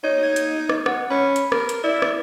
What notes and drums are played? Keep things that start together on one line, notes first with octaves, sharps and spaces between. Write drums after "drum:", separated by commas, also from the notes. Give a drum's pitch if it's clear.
D#4 C#5
G#6
drum: hi-hat
drum: rim click
F#5, drum: rim click
C#4 B5
drum: hi-hat
A#4, drum: rim click
drum: hi-hat
E4 D5
drum: rim click